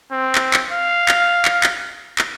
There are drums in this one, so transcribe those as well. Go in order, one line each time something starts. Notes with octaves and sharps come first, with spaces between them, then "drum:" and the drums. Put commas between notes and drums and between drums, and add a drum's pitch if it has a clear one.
C4
drum: clap
drum: clap
F5
drum: clap
drum: clap
drum: clap
drum: clap